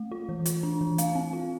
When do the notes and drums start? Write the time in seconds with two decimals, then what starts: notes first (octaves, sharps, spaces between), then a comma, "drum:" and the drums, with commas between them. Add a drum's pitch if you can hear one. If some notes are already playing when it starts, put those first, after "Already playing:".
Already playing: A3
0.12 F4
0.29 E3
0.46 F4, drum: hi-hat
0.63 D4
0.81 E3
0.98 A3 F5, drum: hi-hat
1.15 C4
1.33 F4